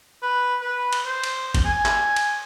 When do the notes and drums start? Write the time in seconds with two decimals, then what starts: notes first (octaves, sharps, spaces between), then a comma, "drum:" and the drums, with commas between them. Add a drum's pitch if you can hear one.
0.23 B4
0.62 B4
0.93 drum: cymbal
1.06 C5
1.24 drum: cymbal
1.54 drum: kick G1, cymbal
1.65 G#5
1.85 drum: clap
2.16 drum: cymbal